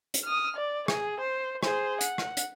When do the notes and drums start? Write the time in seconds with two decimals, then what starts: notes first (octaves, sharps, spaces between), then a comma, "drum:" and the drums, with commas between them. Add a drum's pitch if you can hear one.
0.14 drum: hi-hat
0.24 D#6 F6
0.56 D5
0.88 G#4, drum: rim click
1.20 C5
1.63 G#4 C5, drum: rim click
2.01 F#5, drum: hi-hat
2.18 drum: rim click
2.37 drum: hi-hat